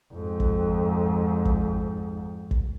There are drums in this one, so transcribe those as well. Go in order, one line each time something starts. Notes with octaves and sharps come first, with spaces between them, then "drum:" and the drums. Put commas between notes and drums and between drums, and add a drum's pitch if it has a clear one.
F2 G#2
drum: kick
drum: kick
drum: kick